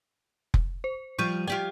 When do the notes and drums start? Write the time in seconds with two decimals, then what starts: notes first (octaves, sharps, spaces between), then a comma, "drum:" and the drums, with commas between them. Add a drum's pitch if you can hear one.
0.54 drum: kick F1
0.84 C5
1.19 F3 G3 C#6 G6 D#7
1.47 F4 G4 D5 G5